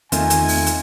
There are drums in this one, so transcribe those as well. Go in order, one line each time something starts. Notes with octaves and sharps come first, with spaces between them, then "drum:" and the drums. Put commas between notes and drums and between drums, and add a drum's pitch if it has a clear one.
E2 D#3 A3 C4 D#4 F4 G#5, drum: hi-hat
drum: hi-hat
drum: open hi-hat
drum: hi-hat